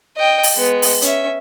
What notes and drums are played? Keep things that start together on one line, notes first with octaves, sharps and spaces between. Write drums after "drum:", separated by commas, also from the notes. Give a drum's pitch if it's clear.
D#5 G5
drum: open hi-hat
G#3 B3
drum: open hi-hat
C#4 E5, drum: hi-hat